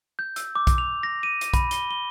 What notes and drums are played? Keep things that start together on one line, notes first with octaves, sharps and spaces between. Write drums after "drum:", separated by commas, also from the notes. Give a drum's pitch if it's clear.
G6
E6, drum: hi-hat
D6
drum: kick B1, hi-hat
F7
A#6
D#7
drum: hi-hat
B5, drum: kick B1, hi-hat
G7, drum: hi-hat
G7